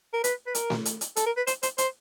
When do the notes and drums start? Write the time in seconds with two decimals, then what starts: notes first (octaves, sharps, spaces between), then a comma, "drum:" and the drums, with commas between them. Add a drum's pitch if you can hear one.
0.13 A#4
0.24 B4, drum: hi-hat
0.47 B4
0.55 A#4, drum: hi-hat
0.70 drum: snare A3
0.85 drum: hi-hat
1.01 drum: hi-hat
1.16 A4, drum: hi-hat
1.26 A#4
1.37 B4
1.47 C5, drum: hi-hat
1.63 C5, drum: hi-hat
1.78 C5, drum: hi-hat